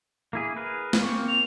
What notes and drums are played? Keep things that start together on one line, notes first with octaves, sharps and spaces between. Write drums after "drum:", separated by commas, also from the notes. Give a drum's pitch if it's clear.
A#3 E4 G#4
G#4 A#4 B4
drum: snare
A#3 C4 C#6
F7